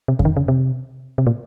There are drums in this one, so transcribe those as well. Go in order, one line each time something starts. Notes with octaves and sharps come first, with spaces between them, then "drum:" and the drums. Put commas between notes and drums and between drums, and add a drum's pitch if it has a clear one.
C3
C#3, drum: kick F2
D#3
C#3
C3
C3
A#2